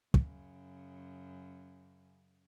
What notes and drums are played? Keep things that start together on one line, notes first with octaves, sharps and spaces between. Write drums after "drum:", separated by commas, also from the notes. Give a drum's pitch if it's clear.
F#2 C#3, drum: kick